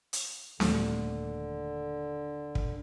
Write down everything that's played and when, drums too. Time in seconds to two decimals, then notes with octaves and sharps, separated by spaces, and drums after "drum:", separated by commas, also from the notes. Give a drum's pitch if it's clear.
0.13 drum: hi-hat
0.60 D#1 D#2 D3 A3, drum: snare C4
2.55 drum: kick